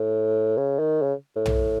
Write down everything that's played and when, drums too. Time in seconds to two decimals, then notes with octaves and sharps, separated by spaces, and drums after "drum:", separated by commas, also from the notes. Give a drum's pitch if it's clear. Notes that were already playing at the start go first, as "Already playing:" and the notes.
Already playing: A2
0.57 C#3
0.79 D#3
1.02 C#3
1.36 A2
1.46 drum: tom